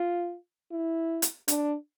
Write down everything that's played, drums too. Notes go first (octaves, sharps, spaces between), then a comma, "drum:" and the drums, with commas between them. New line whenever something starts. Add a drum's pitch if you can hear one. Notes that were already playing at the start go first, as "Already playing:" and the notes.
Already playing: F4
E4
drum: hi-hat
D4, drum: hi-hat